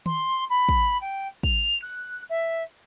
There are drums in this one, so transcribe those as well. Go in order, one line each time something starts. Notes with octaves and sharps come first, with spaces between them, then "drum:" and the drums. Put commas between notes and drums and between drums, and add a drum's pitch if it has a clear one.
C6, drum: tom D#3
B5
drum: kick
G5
F7, drum: kick
F#6
E5